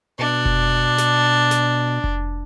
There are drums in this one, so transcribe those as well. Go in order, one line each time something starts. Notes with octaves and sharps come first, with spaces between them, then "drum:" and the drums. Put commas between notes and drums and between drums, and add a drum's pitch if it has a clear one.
B2 D4
drum: kick F1
drum: snare
drum: snare
drum: kick F1